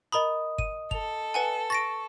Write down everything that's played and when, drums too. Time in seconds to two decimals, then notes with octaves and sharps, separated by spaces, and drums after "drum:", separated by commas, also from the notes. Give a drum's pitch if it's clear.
0.12 A#4 D#5 A#5 B5 D#6
0.58 D#7, drum: kick G1
0.91 A4 F7, drum: kick G1
1.34 B4 F#5 G#5
1.70 C#6 A6 A#6 D7